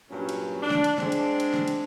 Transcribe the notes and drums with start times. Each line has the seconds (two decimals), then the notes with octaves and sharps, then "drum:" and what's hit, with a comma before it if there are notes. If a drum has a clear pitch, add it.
0.10 G2 A#2 F#3 C#4
0.29 drum: cymbal
0.61 D4
0.70 drum: snare
0.84 drum: cymbal
0.98 G#3 C4 D4, drum: snare
1.12 drum: cymbal
1.40 drum: cymbal
1.54 drum: snare
1.68 drum: cymbal